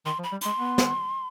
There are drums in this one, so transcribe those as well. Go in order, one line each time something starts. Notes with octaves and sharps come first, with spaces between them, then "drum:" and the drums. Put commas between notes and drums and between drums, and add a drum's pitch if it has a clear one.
D#3 C6
F3
B5
G3
G#3 C6, drum: hi-hat
B3
drum: snare